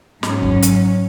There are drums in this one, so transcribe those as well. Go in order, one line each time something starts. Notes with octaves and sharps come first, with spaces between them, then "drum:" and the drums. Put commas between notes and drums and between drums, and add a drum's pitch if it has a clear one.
G#2 F#3 C#4, drum: snare
drum: kick
drum: hi-hat